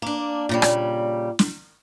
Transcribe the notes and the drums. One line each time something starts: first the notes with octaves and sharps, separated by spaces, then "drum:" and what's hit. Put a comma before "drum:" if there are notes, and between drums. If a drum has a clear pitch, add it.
A#3 D4
A#2 C#3 G3
drum: rim click
drum: snare